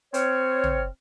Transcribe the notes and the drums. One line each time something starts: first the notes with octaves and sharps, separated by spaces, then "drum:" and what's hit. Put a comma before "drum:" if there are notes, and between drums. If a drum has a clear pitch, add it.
C4 C#5 F6, drum: hi-hat
drum: tom